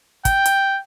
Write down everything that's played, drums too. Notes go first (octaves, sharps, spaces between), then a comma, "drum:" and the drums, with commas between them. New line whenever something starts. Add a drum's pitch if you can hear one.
G5, drum: kick, hi-hat
drum: hi-hat